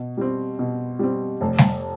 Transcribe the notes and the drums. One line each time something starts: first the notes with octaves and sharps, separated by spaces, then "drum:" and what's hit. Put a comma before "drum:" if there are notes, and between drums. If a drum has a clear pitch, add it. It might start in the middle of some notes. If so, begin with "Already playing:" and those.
Already playing: B2
G3 C4
B2
G3 C4
F1
drum: snare G3